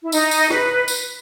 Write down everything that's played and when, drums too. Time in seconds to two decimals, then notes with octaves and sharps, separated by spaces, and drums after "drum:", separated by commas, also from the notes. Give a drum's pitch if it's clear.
0.03 E4
0.12 D#4, drum: tambourine
0.31 drum: tambourine
0.50 B4, drum: rim click
0.88 drum: tambourine